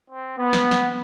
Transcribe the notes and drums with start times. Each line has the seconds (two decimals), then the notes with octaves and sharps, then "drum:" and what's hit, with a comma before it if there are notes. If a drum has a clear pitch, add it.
0.10 C4
0.38 B3
0.53 drum: snare
0.71 drum: snare